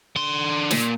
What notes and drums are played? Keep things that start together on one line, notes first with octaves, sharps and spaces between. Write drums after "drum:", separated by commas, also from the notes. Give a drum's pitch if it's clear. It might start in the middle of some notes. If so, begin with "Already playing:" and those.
D3 C6
A#2, drum: snare